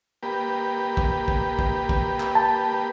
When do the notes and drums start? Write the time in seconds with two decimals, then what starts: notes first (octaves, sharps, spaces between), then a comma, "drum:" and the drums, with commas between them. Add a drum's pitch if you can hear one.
0.23 A#3 G4 B4
0.97 drum: kick A#1
1.28 drum: kick A#1
1.59 drum: kick A#1
1.89 drum: kick A#1
2.20 drum: clap
2.35 A5